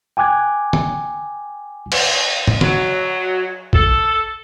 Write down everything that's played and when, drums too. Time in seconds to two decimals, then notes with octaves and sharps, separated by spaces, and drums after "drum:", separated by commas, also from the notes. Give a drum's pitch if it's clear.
0.17 G5 G#5 D6 F#6 G#6
0.73 drum: tom
1.92 drum: cymbal
2.47 drum: tom
2.61 F#3, drum: tom
3.73 A4, drum: kick A#1